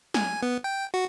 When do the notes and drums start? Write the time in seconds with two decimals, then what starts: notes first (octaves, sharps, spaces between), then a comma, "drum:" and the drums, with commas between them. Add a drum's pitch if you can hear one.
0.14 G#5, drum: snare
0.43 B3
0.64 G5
0.94 F#4